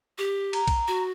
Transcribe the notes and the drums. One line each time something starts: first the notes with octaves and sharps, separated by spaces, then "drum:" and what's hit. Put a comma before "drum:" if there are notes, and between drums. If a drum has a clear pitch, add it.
G4
A#5, drum: cymbal
drum: kick B1, cymbal
F#4